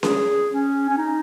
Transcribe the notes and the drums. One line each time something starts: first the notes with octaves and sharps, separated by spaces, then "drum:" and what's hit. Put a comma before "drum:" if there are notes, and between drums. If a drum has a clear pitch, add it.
G#4, drum: snare C#4
C#4
C#4
D#4